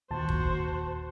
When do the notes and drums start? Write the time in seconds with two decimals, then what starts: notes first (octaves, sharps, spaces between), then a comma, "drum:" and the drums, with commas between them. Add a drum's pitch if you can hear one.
0.11 D#2 A#2 F#4 C5 A5
0.29 drum: kick